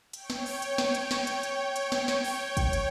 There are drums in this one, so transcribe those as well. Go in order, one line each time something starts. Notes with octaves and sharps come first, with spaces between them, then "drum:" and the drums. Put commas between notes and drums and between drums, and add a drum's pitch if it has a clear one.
C#5 G5, drum: hi-hat
drum: snare
drum: open hi-hat
drum: hi-hat
drum: snare
drum: hi-hat
drum: snare
drum: hi-hat
drum: hi-hat
drum: hi-hat
drum: snare
drum: snare
drum: open hi-hat
drum: kick, hi-hat
drum: hi-hat